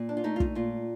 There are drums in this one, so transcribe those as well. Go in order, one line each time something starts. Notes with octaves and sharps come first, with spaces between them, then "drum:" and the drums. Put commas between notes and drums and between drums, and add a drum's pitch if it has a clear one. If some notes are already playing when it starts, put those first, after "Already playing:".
Already playing: A#2
D4
F4
A3 D#4
F4
D#4, drum: kick
A#2 F4